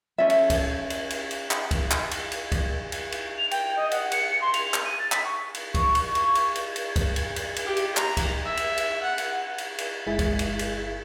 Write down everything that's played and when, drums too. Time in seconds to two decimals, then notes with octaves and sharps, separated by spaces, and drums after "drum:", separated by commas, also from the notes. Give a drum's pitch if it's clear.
0.18 C#4 A4 E5
0.30 drum: cymbal
0.50 drum: kick, cymbal
0.90 drum: cymbal
1.10 drum: cymbal
1.31 drum: cymbal
1.51 drum: clap
1.71 drum: kick, cymbal
1.91 drum: clap
2.11 drum: cymbal
2.32 drum: cymbal
2.52 drum: kick, cymbal
2.92 drum: cymbal
3.12 drum: cymbal
3.38 F7
3.51 G5, drum: cymbal
3.77 D#5
3.91 F#5, drum: cymbal
4.12 C#7, drum: cymbal
4.41 C6
4.54 F7, drum: cymbal
4.74 drum: clap
4.85 D#7
4.99 A6
5.12 B6, drum: clap
5.25 C#6
5.55 drum: cymbal
5.75 C#6, drum: kick, cymbal
5.95 drum: cymbal
6.15 drum: cymbal
6.35 drum: cymbal
6.55 drum: cymbal
6.76 drum: cymbal
6.96 drum: kick, cymbal
7.16 drum: cymbal
7.36 drum: cymbal
7.56 drum: cymbal
7.66 G4
7.77 drum: cymbal
7.97 A#5, drum: clap
8.17 drum: kick, cymbal
8.45 E5
8.57 drum: cymbal
8.77 drum: cymbal
9.02 F#5
9.18 drum: cymbal
9.58 drum: cymbal
9.78 drum: cymbal
10.07 G1 G#3 E4 G#4 A6 B6
10.19 drum: kick, cymbal
10.39 drum: cymbal
10.59 drum: cymbal